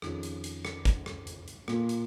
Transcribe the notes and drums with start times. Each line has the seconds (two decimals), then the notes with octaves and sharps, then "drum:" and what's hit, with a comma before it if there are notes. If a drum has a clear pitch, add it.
0.02 F2 D#3 C#4 F4 G#4, drum: rim click
0.23 drum: hi-hat
0.44 drum: hi-hat
0.65 drum: rim click
0.85 drum: kick, hi-hat
1.06 drum: rim click
1.27 drum: hi-hat
1.48 drum: hi-hat
1.68 A#2 A#3 F4, drum: rim click
1.89 drum: hi-hat